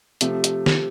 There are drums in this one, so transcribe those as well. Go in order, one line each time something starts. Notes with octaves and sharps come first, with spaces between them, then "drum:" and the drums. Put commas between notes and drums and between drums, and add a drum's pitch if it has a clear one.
C3 F3 A3 G4, drum: hi-hat
drum: hi-hat
G4, drum: snare